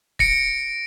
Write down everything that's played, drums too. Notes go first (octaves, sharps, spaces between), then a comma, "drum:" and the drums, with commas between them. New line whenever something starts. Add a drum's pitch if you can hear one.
A#6 C#7 D7, drum: kick C#1